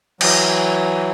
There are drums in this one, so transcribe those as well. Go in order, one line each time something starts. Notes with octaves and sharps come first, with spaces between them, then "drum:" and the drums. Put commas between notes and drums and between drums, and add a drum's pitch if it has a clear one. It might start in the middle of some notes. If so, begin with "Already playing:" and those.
E3 F#3, drum: cymbal